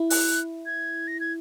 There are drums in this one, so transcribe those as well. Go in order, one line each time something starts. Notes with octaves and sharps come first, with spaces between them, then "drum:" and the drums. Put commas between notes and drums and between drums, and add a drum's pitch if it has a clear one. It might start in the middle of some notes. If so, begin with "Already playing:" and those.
Already playing: E4
F#6, drum: open hi-hat
G#6
A#6
G#6